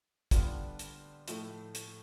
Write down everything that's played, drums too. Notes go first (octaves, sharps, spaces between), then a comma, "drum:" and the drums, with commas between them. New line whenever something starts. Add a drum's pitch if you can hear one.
D3 G3 B3 D4 F4, drum: kick, hi-hat
drum: hi-hat
A2 F3 A3, drum: hi-hat
drum: hi-hat